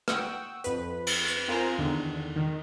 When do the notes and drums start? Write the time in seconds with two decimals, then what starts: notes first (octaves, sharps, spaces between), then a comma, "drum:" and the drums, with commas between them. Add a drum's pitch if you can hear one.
0.08 F#5 G5 C#6 D#6 E6, drum: rim click
0.64 F2 B4, drum: hi-hat
1.07 drum: cymbal
1.28 drum: hi-hat
1.48 C4 F4 A#4 C5 G#5 A#5
1.78 E2 D3 D#3
2.36 D#3